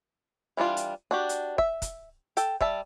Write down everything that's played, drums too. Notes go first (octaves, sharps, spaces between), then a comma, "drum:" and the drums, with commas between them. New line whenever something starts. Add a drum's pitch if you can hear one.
E3 G3 D4 F4
drum: hi-hat
D4 F#4 G4
drum: hi-hat
E5, drum: kick
drum: kick, hi-hat
A4 G5, drum: hi-hat
G3 E5 A5, drum: kick